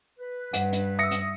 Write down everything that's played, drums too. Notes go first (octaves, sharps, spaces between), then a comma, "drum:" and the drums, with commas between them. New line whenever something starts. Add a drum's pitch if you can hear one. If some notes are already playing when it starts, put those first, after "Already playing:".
B4
G2 F#5, drum: hi-hat
drum: hi-hat
E5 D#6 E6 A#6 C#7
drum: hi-hat